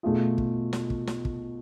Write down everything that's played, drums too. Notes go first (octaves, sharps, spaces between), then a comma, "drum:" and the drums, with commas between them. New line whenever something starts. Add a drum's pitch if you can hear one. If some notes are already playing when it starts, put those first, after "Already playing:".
B2 A3 F4 G#4
drum: kick
drum: snare
drum: kick
drum: snare
drum: kick